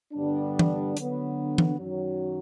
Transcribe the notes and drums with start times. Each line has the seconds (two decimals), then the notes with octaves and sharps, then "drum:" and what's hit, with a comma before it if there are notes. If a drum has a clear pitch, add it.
0.13 G2 D3 G3 B3 D4
0.59 drum: tom E3
0.97 D3 F#3 B3, drum: hi-hat
1.58 drum: tom E3
1.79 F#2 D#3 F#3